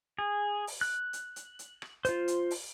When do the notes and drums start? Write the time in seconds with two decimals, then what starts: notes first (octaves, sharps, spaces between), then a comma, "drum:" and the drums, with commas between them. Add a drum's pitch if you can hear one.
0.19 G#4
0.67 drum: open hi-hat
0.81 F#6
1.13 drum: hi-hat
1.36 drum: hi-hat
1.59 drum: hi-hat
1.82 drum: rim click
2.05 F4 C5, drum: hi-hat
2.28 drum: hi-hat
2.51 drum: open hi-hat